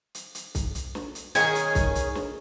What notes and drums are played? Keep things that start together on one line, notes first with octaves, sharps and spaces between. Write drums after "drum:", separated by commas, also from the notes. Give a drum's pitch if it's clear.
drum: hi-hat
drum: hi-hat
drum: kick C2, hi-hat
drum: hi-hat
drum: snare
drum: hi-hat
D#3 C#4 G#4 G#5, drum: hi-hat
drum: hi-hat
drum: kick C2, hi-hat
drum: hi-hat
drum: snare